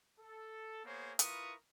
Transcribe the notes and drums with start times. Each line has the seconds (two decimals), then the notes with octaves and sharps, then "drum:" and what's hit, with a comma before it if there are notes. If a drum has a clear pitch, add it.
0.20 A4
0.84 A#3 B3 G#4 C5 C#5
1.19 E4 F4 A#4 B4 C#6 D#6, drum: hi-hat